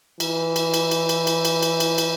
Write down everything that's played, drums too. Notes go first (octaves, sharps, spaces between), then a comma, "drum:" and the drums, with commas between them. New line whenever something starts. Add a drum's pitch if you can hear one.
E3, drum: cymbal
drum: cymbal
drum: cymbal
drum: cymbal
drum: cymbal
drum: cymbal
drum: cymbal
drum: cymbal
drum: cymbal
drum: cymbal